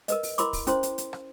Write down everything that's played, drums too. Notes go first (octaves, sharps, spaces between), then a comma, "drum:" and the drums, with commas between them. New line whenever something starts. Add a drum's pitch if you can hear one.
A#4 B4 D#5, drum: hi-hat
drum: open hi-hat
E4 A#4 B5 C6 D6, drum: hi-hat
drum: kick, open hi-hat
C#4 E4 C5 C6, drum: hi-hat
drum: hi-hat
drum: hi-hat
drum: rim click